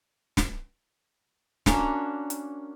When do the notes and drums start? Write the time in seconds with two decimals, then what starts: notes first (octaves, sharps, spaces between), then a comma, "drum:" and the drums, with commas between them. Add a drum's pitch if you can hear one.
0.37 drum: snare
1.66 A#3 C#4 D4 F#4, drum: snare
2.30 drum: hi-hat